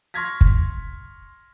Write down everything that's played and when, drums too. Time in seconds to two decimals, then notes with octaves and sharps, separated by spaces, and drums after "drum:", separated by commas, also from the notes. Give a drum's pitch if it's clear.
0.14 C6 C#6 F6 G#6 A#6 B6
0.41 drum: kick